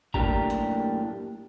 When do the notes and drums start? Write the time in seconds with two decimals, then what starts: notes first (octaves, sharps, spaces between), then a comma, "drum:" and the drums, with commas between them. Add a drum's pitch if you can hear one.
0.14 F#2 A2 A#3 D4 G4 A#5, drum: kick
0.50 drum: hi-hat